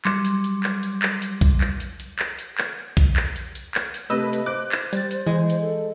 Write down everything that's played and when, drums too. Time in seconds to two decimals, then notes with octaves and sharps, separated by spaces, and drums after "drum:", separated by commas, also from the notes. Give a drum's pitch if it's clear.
0.05 F#3 G3 C6 D6 C#7, drum: clap
0.25 drum: hi-hat
0.44 drum: hi-hat
0.64 drum: clap
0.83 drum: hi-hat
1.02 drum: clap
1.22 drum: hi-hat
1.41 drum: kick B1, hi-hat
1.61 drum: clap
1.80 drum: hi-hat
2.00 drum: hi-hat
2.19 drum: clap
2.39 drum: hi-hat
2.58 drum: clap
2.97 drum: kick B1, hi-hat
3.16 drum: clap
3.36 drum: hi-hat
3.55 drum: hi-hat
3.75 drum: clap
3.94 drum: hi-hat
4.10 C3 A3 B4 D#5 E6
4.33 drum: hi-hat
4.46 C5 D6 F#6
4.72 drum: clap
4.93 G3 A6, drum: hi-hat
5.11 drum: hi-hat
5.26 E3 G#3
5.50 drum: hi-hat
5.61 A4